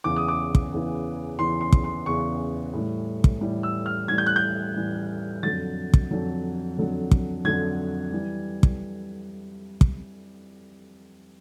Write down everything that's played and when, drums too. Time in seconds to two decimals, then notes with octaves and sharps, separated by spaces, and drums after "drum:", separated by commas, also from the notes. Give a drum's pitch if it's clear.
0.04 E2 C#3 E3 D6
0.16 D#6
0.28 D6
0.55 drum: kick
0.72 E2 C#3 E3
1.39 E2 C#3 E3 C6
1.61 C6
1.73 drum: kick
1.84 C6
2.06 E2 C#3 E3 C#6
2.74 A2 E3 G3
3.24 drum: kick
3.41 A2 E3 G3
3.63 E6
3.86 F6
4.08 A2 E3 G3 G#6
4.18 G6
4.26 F#6
4.36 G6
4.76 A2 E3 G3
5.43 F2 D3 F#3 A6
5.94 drum: kick
6.11 F2 D3 F#3
6.78 F2 D3 F#3
7.11 drum: kick
7.45 F2 D3 F#3 G#6
8.12 E3 G3
8.63 drum: kick
9.81 drum: kick